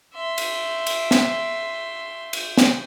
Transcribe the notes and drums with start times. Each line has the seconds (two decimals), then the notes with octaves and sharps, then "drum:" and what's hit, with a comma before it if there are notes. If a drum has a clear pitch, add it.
0.13 E5 C6
0.38 drum: cymbal
0.87 drum: cymbal
1.11 drum: snare
2.33 drum: cymbal
2.58 drum: snare